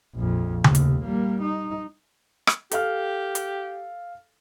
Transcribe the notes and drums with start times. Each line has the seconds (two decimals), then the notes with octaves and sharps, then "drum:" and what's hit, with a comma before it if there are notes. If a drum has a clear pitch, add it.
0.15 A#1 F2
0.64 F1 D#2, drum: tom C#3
0.75 drum: hi-hat
1.04 G3 A#3
1.41 D#4
2.47 drum: rim click
2.71 G4 A4 F5 F6, drum: hi-hat
3.35 drum: hi-hat